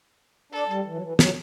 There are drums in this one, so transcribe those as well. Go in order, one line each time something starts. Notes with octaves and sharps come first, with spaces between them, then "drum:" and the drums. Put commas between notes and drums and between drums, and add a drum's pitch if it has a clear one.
D4 A4
G3
E3
F#3
E3
F#3, drum: snare